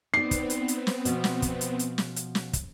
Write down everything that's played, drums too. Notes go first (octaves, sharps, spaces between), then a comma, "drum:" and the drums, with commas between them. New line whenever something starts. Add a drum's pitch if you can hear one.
B3 C4 D#4 D5 C7
drum: kick, hi-hat
drum: hi-hat
drum: hi-hat
drum: snare
B2 F3, drum: hi-hat
drum: snare
drum: kick, hi-hat
drum: hi-hat
drum: hi-hat
drum: snare
drum: hi-hat
drum: snare
drum: kick, hi-hat